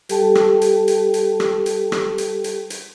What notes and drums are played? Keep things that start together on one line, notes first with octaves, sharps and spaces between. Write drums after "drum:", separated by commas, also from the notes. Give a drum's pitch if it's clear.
G3 G4 A4 G5 A5, drum: hi-hat
drum: rim click
drum: hi-hat
drum: hi-hat
drum: hi-hat
drum: rim click
drum: hi-hat
drum: rim click
drum: hi-hat
drum: hi-hat
drum: hi-hat